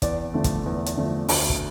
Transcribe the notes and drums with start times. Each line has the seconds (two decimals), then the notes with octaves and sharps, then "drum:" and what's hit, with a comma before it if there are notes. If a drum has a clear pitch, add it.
0.02 E2 D5, drum: kick, hi-hat
0.34 D3 F3 A3
0.44 drum: kick, hi-hat
0.66 E2
0.86 drum: hi-hat
0.97 D3 F3 A3
1.29 D2, drum: open hi-hat
1.49 drum: kick